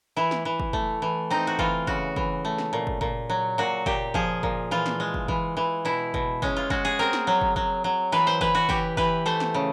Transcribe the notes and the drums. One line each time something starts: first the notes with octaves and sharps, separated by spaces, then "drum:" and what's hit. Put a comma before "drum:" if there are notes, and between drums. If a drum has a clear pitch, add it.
E3 E4
drum: snare
E3
drum: kick
A3, drum: kick
E3
C4 D#4
F#4
E3 F4, drum: kick
C#3 F#4, drum: kick
E3, drum: kick
A3
drum: snare
A#2
drum: kick
A#2, drum: kick
F#3
A#2 F#4
A#2 G4, drum: kick
F3 G#4, drum: kick
A#2, drum: kick
E3 F4
drum: snare
G#3
drum: kick
E3, drum: kick
E3
B2 E4
B2, drum: kick
G#3 C#4, drum: kick
F4
G#3 F#4, drum: kick
G#4
C4 A#4
drum: snare
F#3
drum: kick
F#3, drum: kick
F#3
E3 B4
C5
E3 B4, drum: kick
F#4
E3 G4, drum: kick
E3 B4, drum: kick
A3 C5
drum: snare
C#3